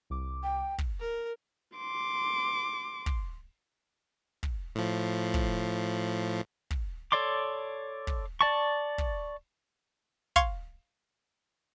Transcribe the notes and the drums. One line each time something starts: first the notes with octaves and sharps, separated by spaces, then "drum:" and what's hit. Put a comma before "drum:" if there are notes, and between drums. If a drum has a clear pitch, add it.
C2 D6
G5
drum: kick
A#4
C6 D6
drum: kick
drum: kick
A2 F3
drum: kick
drum: kick
A4 C#5 D5 C6 D6
drum: kick
D5 A5 C#6
drum: kick
F5 C6 C#6 G#6, drum: kick